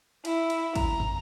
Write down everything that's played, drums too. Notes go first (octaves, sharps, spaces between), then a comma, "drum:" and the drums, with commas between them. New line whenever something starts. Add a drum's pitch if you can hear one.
E4, drum: cymbal
drum: cymbal
A#5, drum: kick, cymbal
drum: tom